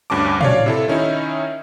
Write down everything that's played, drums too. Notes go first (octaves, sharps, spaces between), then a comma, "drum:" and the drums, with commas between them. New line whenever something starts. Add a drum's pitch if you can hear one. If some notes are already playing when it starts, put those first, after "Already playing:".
D2 G2 C#4 A5 D6
C#5 D5 F5, drum: tom
C3 E4 A4
D#3 C#4 D#4 E4